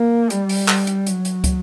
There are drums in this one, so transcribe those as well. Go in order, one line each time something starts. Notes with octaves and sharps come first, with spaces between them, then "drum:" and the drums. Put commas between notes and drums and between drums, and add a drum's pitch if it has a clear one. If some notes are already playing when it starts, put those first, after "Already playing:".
Already playing: A#3
G3, drum: hi-hat
drum: open hi-hat
drum: clap
drum: hi-hat
F#3, drum: hi-hat
drum: hi-hat
drum: kick, hi-hat